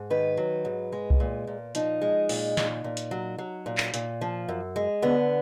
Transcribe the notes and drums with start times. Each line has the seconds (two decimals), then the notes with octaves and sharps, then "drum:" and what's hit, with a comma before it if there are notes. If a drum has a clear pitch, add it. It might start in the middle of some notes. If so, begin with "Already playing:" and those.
Already playing: G#2
0.10 D#3 B4
0.37 F#3
0.65 G#2
0.92 G#3
1.10 drum: kick C2
1.20 A#2
1.47 A#2
1.75 F3 D#4, drum: hi-hat
2.02 G#3
2.29 A#2, drum: open hi-hat
2.57 A#2, drum: snare
2.84 A#2
2.97 drum: hi-hat
3.11 F#3
3.38 F#3
3.66 A#2
3.78 drum: clap
3.94 A#2, drum: hi-hat
4.21 F3
4.48 F#2
4.76 G#3
5.02 D3 B3